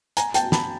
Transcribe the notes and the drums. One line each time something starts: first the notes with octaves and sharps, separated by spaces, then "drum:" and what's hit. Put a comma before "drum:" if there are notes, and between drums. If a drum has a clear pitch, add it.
G#5 A#5, drum: hi-hat
G5 A5, drum: hi-hat
A5 B5, drum: snare